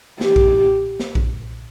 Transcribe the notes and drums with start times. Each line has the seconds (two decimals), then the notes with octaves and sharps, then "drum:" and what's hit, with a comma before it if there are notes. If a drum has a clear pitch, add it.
0.21 G4, drum: snare
0.36 drum: kick A#1
0.99 drum: snare
1.15 drum: kick A#1